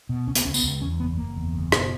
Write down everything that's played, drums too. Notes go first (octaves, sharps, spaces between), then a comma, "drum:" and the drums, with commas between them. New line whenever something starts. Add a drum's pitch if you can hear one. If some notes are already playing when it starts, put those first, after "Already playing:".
B2
C#2 C#4
B3, drum: hi-hat
C#2 C#4
B3, drum: tambourine
C#2
E2 C#4
F#1 B3
F#1 A#3
E2
F#1
B2, drum: rim click